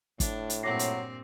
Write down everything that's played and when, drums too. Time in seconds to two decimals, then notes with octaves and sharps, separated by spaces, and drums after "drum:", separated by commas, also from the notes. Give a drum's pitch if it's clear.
0.20 A2 D4, drum: kick, hi-hat
0.50 drum: hi-hat
0.63 G2 A#2 F#3 C4 D6 A#6 C7
0.79 drum: hi-hat